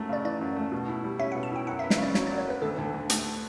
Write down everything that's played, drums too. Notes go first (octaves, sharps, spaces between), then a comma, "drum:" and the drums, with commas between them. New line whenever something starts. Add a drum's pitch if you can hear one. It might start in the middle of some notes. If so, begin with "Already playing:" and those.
Already playing: F#2 A3
C#3 D5
E3 D5
F#2
A3
B2
E4
G3
C#4 E5
B2 F#5
A5
E4 G5
F#2 F#5
E5
B3
E5, drum: snare
C#3 D5
F#3 C#5, drum: snare
D5
F#2
C#5
B3 B4
D2 A4
D2
D3
A3, drum: hi-hat